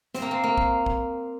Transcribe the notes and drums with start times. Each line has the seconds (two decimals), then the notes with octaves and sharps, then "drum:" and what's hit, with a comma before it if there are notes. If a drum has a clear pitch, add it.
0.14 C4, drum: snare
0.22 A#3
0.31 C4
0.44 A#3
0.58 drum: kick
0.86 drum: kick